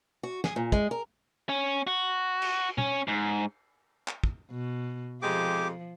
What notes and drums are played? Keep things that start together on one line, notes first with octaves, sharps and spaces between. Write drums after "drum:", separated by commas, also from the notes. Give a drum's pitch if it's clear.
F#4
G#4, drum: snare
A#2
G#3, drum: kick
A#4
C#4
F#4
drum: cymbal
C#4, drum: tom
G#2
drum: clap
drum: kick
B2
F2 C3 F3 G#3 G4 D6